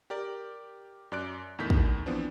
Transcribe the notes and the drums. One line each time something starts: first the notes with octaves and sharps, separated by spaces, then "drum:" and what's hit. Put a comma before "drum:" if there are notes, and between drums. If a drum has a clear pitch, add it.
G4 A#4 D5
F#2 D5 F#6 D7
E2 A2 D#3 G6 B6
drum: kick
E3 F3 B3 C4 D4